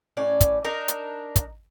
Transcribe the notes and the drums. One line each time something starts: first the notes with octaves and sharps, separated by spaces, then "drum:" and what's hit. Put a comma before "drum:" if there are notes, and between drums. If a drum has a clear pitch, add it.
A2 C#4 D5
drum: kick, hi-hat
D4 D#4 A#4
drum: hi-hat
drum: kick, hi-hat